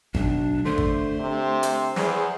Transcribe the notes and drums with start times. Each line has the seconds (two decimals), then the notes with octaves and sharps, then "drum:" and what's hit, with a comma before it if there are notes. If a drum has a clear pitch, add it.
0.15 B1 D4, drum: kick G#1
0.65 D3 A3 C5 C6
0.78 drum: kick G#1
1.20 C3
1.63 drum: hi-hat
1.96 E2 G#4, drum: snare